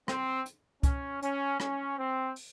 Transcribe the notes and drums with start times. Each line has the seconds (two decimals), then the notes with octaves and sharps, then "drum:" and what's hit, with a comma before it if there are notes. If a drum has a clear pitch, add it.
0.08 C4, drum: rim click
0.46 drum: hi-hat
0.83 C#4, drum: kick C2, hi-hat
1.22 C#4, drum: hi-hat
1.60 C#4, drum: rim click
1.98 C4
2.36 drum: open hi-hat